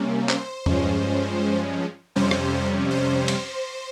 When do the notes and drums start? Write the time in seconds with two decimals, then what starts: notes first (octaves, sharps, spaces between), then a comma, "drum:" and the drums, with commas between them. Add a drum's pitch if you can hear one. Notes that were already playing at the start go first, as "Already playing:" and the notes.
Already playing: C3 G3 A#3 C#4
0.29 C5, drum: clap
0.66 G2 F3 G#3 C#4, drum: tom E2
2.16 F2 C3 G3 C#4 C5
2.31 drum: rim click
2.91 C5
3.28 drum: cymbal